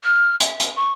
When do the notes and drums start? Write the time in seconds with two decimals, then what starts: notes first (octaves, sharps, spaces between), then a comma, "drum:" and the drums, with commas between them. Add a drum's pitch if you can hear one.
0.03 F6
0.40 E5, drum: hi-hat
0.60 drum: hi-hat
0.75 C#6